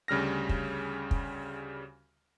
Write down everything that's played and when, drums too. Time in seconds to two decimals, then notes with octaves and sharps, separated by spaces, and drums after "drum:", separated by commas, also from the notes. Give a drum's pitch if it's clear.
0.08 D2 C#3 G3 F6 A#6
0.49 drum: kick
1.11 drum: kick